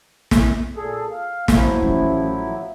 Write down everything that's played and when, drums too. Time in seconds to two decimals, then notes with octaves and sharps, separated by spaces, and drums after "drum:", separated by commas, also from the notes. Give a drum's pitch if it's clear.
0.31 drum: snare
0.76 A#2 G#4 A4
1.11 F5
1.48 F3 F#3 E4, drum: snare
1.82 A1 A3